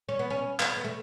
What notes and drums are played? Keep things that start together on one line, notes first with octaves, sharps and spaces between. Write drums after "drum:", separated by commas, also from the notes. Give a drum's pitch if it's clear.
C#4
B3
C#4
B3, drum: clap
B3
A3